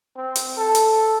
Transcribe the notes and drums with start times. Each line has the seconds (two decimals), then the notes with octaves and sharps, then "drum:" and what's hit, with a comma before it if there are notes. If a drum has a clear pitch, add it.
0.16 C4
0.36 drum: hi-hat
0.57 A4
0.75 drum: hi-hat